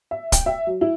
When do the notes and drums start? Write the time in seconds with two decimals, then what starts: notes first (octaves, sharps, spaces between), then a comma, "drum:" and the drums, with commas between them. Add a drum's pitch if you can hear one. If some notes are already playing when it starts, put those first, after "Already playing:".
0.11 E5
0.32 G5, drum: kick, hi-hat
0.46 E5
0.67 F#3
0.81 E4